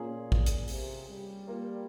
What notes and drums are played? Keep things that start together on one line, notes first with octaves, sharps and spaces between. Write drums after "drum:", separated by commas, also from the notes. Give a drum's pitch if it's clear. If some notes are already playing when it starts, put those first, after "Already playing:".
Already playing: A#2 A#3 C#4 F4 G#4
drum: kick
drum: hi-hat
C3, drum: open hi-hat
G3
A#3 F4 A#4